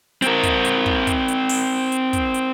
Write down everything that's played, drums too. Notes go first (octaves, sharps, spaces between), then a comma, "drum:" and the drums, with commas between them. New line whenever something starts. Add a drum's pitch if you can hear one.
C4 A#4, drum: hi-hat
drum: kick, hi-hat
drum: hi-hat
drum: kick
drum: kick, hi-hat
drum: hi-hat
drum: open hi-hat
drum: hi-hat
drum: kick, hi-hat
drum: hi-hat